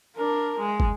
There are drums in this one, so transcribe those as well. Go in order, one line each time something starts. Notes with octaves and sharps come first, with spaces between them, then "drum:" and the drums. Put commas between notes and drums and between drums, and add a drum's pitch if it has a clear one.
D4 A#4
G#3
drum: kick